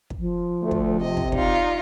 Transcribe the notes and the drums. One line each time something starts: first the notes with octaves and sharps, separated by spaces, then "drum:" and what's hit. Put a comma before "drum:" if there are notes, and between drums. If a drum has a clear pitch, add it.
drum: kick
F3
D2 A3
drum: kick
C3 D#5
drum: kick
D#4 F4 D5, drum: kick